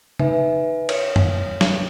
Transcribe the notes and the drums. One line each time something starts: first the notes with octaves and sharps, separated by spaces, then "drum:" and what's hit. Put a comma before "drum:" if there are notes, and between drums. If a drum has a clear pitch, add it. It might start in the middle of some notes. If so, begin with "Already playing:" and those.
D#4 B4 E5 G#5, drum: tom
C#5, drum: cymbal
drum: tom F#2
drum: snare